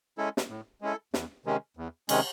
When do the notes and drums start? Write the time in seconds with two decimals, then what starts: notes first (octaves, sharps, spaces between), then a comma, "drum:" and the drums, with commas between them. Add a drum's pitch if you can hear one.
0.18 G#3 C#4 E4 A4
0.37 drum: snare
0.50 A2
0.81 G#3 C#4 E4 A4
1.14 E2, drum: snare
1.45 C3 D#3 G#3 C#4
1.77 E2
2.09 C3 D#3 G#3 C#4, drum: cymbal